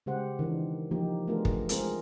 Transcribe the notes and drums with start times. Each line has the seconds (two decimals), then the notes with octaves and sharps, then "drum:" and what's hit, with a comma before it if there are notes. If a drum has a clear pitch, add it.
0.06 C#3 G#3 G4 C5 F#5
0.39 D#3 E3 D4 D#4
0.91 F3 A#3 D#4 G4
1.28 A3 B3 D4 F4 G#4 A#4
1.45 drum: kick
1.69 G#3 C4 F4 G#4 A#4, drum: hi-hat